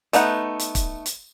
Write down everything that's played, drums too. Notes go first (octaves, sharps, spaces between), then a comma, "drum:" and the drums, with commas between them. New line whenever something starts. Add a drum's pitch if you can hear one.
A3 B3 D#4 F#5, drum: hi-hat
drum: hi-hat
drum: kick, hi-hat
drum: hi-hat